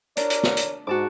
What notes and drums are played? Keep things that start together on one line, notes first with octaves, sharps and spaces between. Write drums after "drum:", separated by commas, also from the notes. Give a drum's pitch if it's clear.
D4 A#4 C#5 D5, drum: hi-hat
drum: hi-hat
drum: snare
drum: hi-hat
G#2 F#4 A5 D6